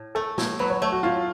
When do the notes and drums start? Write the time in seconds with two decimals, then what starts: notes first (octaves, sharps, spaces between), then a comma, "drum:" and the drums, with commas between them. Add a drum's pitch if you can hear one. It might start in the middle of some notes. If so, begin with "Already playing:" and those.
Already playing: A2
0.15 A3 A4
0.38 A2, drum: snare
0.59 F#3 B4
0.70 C#5
0.81 A3 C#5
0.92 F#4
1.03 A2 F4